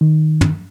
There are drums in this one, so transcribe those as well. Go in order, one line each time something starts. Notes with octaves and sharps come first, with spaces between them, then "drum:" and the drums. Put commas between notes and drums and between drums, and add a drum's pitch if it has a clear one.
D#3
drum: tom